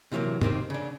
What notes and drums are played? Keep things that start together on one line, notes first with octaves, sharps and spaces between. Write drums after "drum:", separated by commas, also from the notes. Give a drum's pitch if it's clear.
C3 E3 F#3 G#3 A#3
C3 D#3 A#3 C4, drum: tom
C#3 D4